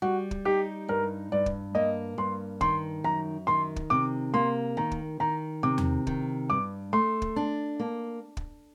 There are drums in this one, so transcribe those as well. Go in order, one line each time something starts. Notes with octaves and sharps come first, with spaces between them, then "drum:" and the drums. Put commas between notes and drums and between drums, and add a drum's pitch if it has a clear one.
G3 F#4
drum: kick
D#4 G4
G2 A#4
G2 D5
drum: kick
A#3 D#5
G2 C6
D#3 C6, drum: kick
F#2 A#5
D#3 C6
drum: kick
C3 D6
A#3 C6
D#3 A#5
drum: kick
D#3 A#5
C3 D6
drum: tom E2
D#3, drum: kick
G2 D6
A3 C6
drum: kick
D4
A#3
drum: kick